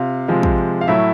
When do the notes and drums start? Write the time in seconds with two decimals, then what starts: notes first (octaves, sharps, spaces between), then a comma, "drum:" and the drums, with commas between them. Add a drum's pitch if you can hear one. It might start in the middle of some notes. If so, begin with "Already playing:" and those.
Already playing: C3 F4 F5
0.28 C3 F3 G#3
0.43 drum: kick
0.81 F5
0.88 A2 F#3 A3 E4 E5